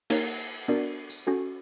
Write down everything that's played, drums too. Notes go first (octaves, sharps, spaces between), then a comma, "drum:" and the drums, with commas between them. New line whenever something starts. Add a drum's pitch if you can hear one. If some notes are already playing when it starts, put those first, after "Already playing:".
A#3 D#4 G4 A#4 C#5, drum: cymbal
B3 D4 F#4 A#4 D5
drum: tambourine
C#4 F#4 A4